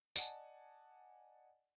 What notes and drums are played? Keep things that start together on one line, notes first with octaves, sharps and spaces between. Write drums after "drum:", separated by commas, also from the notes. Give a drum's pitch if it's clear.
D5 D#5 F#5 G#5 A5, drum: tambourine